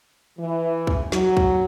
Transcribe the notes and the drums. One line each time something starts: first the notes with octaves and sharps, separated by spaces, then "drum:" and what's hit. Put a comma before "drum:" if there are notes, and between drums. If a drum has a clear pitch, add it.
E3
drum: kick
F#3, drum: snare
drum: kick